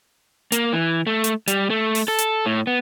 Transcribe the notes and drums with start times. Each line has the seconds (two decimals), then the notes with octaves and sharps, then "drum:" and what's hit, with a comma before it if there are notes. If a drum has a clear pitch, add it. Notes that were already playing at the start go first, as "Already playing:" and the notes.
0.52 A#3, drum: hi-hat
0.73 E3
1.07 A3
1.24 drum: hi-hat
1.48 G3, drum: hi-hat
1.70 A3
1.95 drum: open hi-hat
2.08 A4
2.18 drum: hi-hat
2.46 A2
2.67 B3